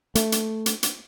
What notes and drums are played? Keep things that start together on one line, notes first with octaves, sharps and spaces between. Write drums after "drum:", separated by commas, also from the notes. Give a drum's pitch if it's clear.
A3, drum: hi-hat
drum: hi-hat
drum: hi-hat
drum: hi-hat